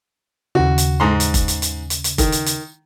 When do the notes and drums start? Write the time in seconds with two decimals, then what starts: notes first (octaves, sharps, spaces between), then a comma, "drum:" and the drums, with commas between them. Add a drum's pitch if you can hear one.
0.55 D#2 C#3 F#4
0.78 drum: hi-hat
1.00 G#2 A#5 C6
1.20 drum: hi-hat
1.34 drum: kick F1, hi-hat
1.48 drum: hi-hat
1.62 drum: hi-hat
1.90 drum: hi-hat
2.04 drum: hi-hat
2.18 D#3, drum: kick F1, hi-hat
2.32 drum: hi-hat
2.46 drum: hi-hat